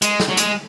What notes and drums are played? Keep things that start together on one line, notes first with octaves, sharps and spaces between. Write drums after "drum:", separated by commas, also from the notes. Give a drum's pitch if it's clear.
G#3, drum: hi-hat
drum: snare
F#3
G#3, drum: hi-hat